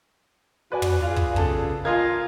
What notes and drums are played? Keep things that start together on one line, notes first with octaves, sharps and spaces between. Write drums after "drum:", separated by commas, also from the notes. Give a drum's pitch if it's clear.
F#4 B4 D5 G#5
drum: tom
F4 G#4 F5
drum: kick
C#3 A4 A5, drum: kick
F4 A#4 D#5 F5 G#5 G#6